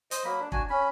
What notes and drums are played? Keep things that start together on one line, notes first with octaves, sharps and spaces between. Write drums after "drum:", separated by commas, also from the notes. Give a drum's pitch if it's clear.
C5 D#5, drum: hi-hat
F#3 A#3 B5
D4
D4 F#4 G#5, drum: kick
C#4 B5